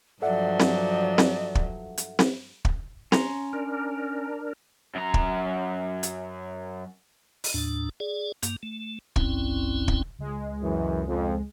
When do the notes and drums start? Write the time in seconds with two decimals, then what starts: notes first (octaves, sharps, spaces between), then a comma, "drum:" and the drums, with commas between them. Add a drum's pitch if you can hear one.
0.22 G2 F3 F#3 A4 D5 E5 F#5
0.60 drum: snare C4
1.18 drum: snare C4
1.55 drum: kick
1.98 drum: hi-hat
2.19 drum: snare C4
2.65 drum: kick
3.12 C#4 A#5 C6, drum: snare C4
3.53 D4 A#4
4.95 F#2 A#5
5.14 drum: kick
6.03 drum: hi-hat
7.44 drum: open hi-hat
7.54 D#2 A2 D4
8.00 G#4 D5
8.43 G2 A#3, drum: hi-hat
8.63 A3
9.16 G1 C2 F#2 C4 C#4 E4, drum: kick
9.88 drum: kick
10.18 C#2 G#3
10.62 F#2 E3
11.07 F2